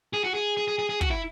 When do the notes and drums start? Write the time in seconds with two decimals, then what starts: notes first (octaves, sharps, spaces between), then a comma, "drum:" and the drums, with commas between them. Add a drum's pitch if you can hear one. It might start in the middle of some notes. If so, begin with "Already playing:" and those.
0.13 G#4
0.24 F#4
0.34 G#4
0.57 G#4
0.68 G#4
0.79 G#4
0.90 G#4
1.01 F#4, drum: kick
1.11 E4